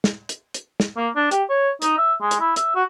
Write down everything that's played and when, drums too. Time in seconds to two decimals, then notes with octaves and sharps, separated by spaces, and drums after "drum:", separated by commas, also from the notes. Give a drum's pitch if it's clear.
0.04 drum: snare
0.29 drum: hi-hat
0.54 drum: hi-hat
0.80 drum: snare
0.96 A#3
1.16 D4
1.31 G4, drum: hi-hat
1.49 C#5
1.82 D#4, drum: hi-hat
1.98 E5
2.21 G#3
2.31 drum: hi-hat
2.40 E4
2.56 E5, drum: hi-hat
2.75 F#4